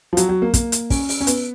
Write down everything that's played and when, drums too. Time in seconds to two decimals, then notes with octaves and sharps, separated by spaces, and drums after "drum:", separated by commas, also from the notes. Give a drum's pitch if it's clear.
0.13 F3
0.17 F#3, drum: hi-hat
0.29 F#3
0.42 A#3
0.54 A#3, drum: kick, hi-hat
0.72 drum: hi-hat
0.90 C#4, drum: kick, open hi-hat
1.09 drum: open hi-hat
1.21 C#4
1.27 B3, drum: hi-hat